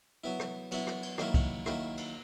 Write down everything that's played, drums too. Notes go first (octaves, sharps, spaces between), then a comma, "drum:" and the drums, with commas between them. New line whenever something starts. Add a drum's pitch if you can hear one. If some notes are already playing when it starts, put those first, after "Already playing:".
F#3 B3 E4
drum: rim click
F#3 B3 E4, drum: cymbal
drum: rim click
drum: cymbal
D#3 F#3 A#3 E4, drum: rim click
drum: kick, cymbal
D#3 F#3 A#3 E4, drum: rim click
drum: cymbal